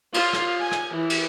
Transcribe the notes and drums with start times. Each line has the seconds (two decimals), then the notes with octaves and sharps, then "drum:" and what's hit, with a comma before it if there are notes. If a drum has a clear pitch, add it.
0.14 F4, drum: cymbal
0.33 drum: rim click
0.61 G#5
0.72 drum: rim click
0.96 E3
1.10 drum: cymbal